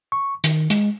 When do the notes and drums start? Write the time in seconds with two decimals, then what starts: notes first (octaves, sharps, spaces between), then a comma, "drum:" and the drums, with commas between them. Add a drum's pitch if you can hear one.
0.12 C#6
0.44 D#3, drum: hi-hat
0.70 G#3, drum: hi-hat